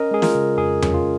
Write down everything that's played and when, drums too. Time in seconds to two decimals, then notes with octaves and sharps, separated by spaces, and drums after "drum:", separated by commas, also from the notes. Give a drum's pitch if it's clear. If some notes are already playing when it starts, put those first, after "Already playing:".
Already playing: C#4 A#4 D#5
0.11 G#3 G#4
0.22 F4 A#4, drum: snare
0.35 C#3
0.58 F2 G#4
0.82 C#4, drum: tom E2
0.94 F4